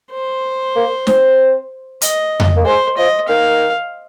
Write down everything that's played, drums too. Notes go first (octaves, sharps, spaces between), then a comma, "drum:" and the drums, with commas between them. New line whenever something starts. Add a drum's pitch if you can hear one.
C5
A#3
C4, drum: snare
D#5, drum: hi-hat
drum: tom F2
A#3
G#3 C5
F3 D#5
D#3 F5